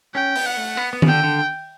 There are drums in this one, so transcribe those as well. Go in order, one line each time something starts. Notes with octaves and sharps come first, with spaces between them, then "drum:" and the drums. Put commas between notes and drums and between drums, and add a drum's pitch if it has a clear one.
C#4 G5
B3, drum: open hi-hat
F#5
A3
B3
B3
C#3, drum: tom D#3
D3 G5
D3